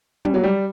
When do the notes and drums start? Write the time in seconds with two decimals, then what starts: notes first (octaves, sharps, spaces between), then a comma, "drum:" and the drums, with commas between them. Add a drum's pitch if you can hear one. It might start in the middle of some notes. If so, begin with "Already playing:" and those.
0.25 G3, drum: tom
0.34 F#3
0.44 G3